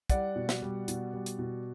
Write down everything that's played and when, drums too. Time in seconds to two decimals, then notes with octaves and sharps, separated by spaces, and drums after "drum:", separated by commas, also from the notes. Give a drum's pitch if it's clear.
0.10 G3 D5 F#5, drum: kick, hi-hat
0.36 B2
0.49 drum: snare
0.62 G3
0.88 B2, drum: hi-hat
1.14 G3
1.26 drum: hi-hat
1.39 B2